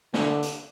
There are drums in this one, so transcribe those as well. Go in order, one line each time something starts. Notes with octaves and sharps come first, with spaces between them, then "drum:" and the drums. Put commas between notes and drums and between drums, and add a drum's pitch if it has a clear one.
D3, drum: snare A#3
drum: hi-hat